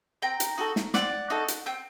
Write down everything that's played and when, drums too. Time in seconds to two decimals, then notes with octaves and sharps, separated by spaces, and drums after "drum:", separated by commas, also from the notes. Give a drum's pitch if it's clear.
0.22 C4 G5 A#5
0.40 drum: hi-hat
0.58 D#4 F#4 A4
0.76 drum: snare
0.94 C4 D5 F#5, drum: snare
1.30 D#4 F#4 A4
1.48 drum: hi-hat
1.66 C4 G5